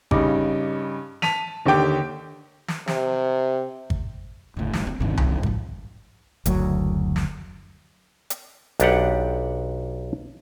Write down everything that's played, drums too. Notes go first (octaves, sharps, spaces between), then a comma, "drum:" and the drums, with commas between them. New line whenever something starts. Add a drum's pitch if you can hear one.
G2 C#3 D#4 D6, drum: kick
A5 B6 D#7 F7, drum: snare
D#2 D3 G4 G5 D6
drum: snare
C3, drum: snare
drum: kick
F#1 D#2 A2 D3
G3, drum: snare
C4
D1 G1 G2 C3 D#3
drum: tom C2
G#2 F3, drum: kick
F#1 D2 F#3, drum: hi-hat
drum: snare
drum: hi-hat
B1 D4 G4 F#5, drum: hi-hat